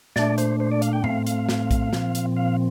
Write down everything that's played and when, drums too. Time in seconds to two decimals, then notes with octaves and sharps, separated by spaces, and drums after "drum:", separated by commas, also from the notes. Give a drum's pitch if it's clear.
0.16 A#2 A3 D4 D5, drum: snare
0.38 C5, drum: hi-hat
0.60 C5
0.72 D5
0.82 F5, drum: hi-hat
0.93 G5
1.04 A2 A3 C4 F5, drum: tom A2
1.27 F5, drum: hi-hat
1.49 drum: snare
1.71 drum: kick A#1, hi-hat
1.93 A#2 F3 C4, drum: snare
2.15 drum: hi-hat
2.37 F5